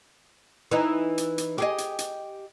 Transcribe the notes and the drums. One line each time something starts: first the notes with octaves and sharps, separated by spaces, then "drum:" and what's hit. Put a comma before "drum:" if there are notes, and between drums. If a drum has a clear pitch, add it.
E3 D#4
drum: hi-hat
drum: hi-hat
G4 G#4 D#5
drum: hi-hat
drum: hi-hat